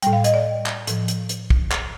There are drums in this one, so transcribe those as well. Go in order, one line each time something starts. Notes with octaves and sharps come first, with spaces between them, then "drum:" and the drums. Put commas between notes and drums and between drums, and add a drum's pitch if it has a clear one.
A2 G3 G5, drum: hi-hat
F5
D#5, drum: hi-hat
D5
drum: clap
A2 F3, drum: hi-hat
drum: hi-hat
drum: hi-hat
drum: kick
drum: clap